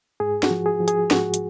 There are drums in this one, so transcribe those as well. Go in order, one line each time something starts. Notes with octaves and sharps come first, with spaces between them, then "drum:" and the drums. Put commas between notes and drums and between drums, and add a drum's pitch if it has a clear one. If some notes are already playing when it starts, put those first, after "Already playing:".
G#2 G#4
F#4, drum: snare
F3
G#4
F3
G#4, drum: hi-hat
G#2 F#4, drum: snare
drum: hi-hat